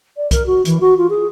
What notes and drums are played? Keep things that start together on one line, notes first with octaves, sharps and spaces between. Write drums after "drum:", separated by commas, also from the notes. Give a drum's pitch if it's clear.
D5
A#4, drum: kick C2, hi-hat
F#4
E3, drum: hi-hat
F#4
F4
G#4